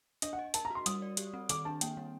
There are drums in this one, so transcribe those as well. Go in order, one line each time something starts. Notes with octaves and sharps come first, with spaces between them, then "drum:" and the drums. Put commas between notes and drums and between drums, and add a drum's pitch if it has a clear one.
D4 D#5, drum: hi-hat
F#5
D#5
A#4 A5, drum: hi-hat
A#5
F#4 C6
G3 D#6, drum: hi-hat
D5
G4, drum: hi-hat
C4
D#3 D6, drum: hi-hat
D4 A5
A#3 G5, drum: hi-hat
G3